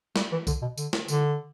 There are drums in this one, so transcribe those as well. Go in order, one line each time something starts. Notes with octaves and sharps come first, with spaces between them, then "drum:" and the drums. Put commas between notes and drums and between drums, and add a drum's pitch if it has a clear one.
G3, drum: snare
E3
D3, drum: kick, tambourine
B2
D3, drum: tambourine
drum: snare
D3, drum: tambourine